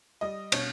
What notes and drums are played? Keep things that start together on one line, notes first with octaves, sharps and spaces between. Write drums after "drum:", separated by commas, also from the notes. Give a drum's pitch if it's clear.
G3 D#5
B2 C#5, drum: cymbal